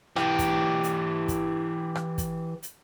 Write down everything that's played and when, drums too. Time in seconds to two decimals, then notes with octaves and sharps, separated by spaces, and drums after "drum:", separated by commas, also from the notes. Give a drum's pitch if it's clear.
0.16 E3 G4, drum: rim click
0.39 drum: kick, hi-hat
0.83 drum: hi-hat
1.28 drum: kick, hi-hat
1.95 drum: rim click
2.18 drum: kick, hi-hat
2.63 drum: hi-hat